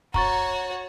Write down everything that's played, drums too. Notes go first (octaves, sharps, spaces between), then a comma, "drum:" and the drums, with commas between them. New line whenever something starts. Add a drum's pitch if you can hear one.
F#4 C#5 A#5 C#6 A6, drum: kick